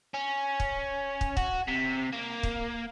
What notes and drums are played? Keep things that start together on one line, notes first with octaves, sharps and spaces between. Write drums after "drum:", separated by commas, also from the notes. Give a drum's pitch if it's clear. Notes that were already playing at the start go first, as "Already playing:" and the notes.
C#4
drum: kick
drum: kick
F#4, drum: kick
C3
A#3
drum: kick